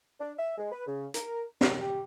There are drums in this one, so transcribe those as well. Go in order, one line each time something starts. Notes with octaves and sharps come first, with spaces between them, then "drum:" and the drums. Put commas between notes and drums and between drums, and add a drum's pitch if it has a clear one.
D4
E5
G#3
B4
C#3
A#4, drum: hi-hat
D#2, drum: snare
G4